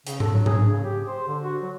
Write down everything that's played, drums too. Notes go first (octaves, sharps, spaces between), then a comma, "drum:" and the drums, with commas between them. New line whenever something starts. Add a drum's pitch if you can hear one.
C#3, drum: hi-hat
A4, drum: tom G#2
F#3
G#4, drum: tom G#2
C#3
G4
C5
D3
F#4
F#3